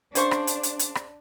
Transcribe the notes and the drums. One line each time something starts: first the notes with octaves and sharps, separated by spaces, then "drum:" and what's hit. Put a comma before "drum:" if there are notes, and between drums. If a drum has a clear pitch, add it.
C#3 D4 C5 C#6, drum: hi-hat
drum: rim click
drum: hi-hat
drum: hi-hat
drum: hi-hat
drum: rim click